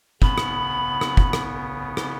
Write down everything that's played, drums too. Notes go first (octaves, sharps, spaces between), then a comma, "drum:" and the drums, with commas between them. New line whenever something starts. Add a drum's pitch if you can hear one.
C#3 B3 B5, drum: kick
drum: rim click
drum: rim click
drum: kick
drum: rim click
drum: rim click